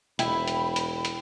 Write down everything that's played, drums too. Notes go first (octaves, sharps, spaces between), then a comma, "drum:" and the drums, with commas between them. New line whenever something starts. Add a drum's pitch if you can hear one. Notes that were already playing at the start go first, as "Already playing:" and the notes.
E1 E4 G5 B5, drum: hi-hat
drum: hi-hat
drum: hi-hat
drum: hi-hat